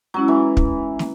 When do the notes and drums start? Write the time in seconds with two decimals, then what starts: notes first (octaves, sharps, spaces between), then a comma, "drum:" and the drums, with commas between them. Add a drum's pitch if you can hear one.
0.14 F#3 G#3 C#4 E4
0.28 E3
0.57 drum: kick
0.99 drum: snare